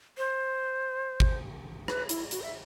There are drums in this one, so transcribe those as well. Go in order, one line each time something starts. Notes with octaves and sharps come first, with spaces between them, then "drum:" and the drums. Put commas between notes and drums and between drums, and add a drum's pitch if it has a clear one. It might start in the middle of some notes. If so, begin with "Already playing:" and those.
C5
drum: kick
B4, drum: rim click
E4, drum: hi-hat
F#4, drum: hi-hat
E5